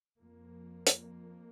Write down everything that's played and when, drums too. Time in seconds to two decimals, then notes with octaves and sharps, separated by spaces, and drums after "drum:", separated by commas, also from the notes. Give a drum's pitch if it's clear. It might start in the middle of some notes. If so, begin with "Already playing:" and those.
0.19 F2 F3 A#3
0.87 drum: hi-hat